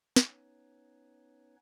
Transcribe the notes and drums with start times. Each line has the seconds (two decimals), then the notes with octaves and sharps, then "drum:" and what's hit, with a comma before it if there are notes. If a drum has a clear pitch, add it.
0.16 B3 C#4 D#4 B4 C#5, drum: snare